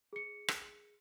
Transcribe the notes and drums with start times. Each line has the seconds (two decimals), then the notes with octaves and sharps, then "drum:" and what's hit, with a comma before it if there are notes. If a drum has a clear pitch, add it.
0.13 G#4 C#7
0.48 drum: rim click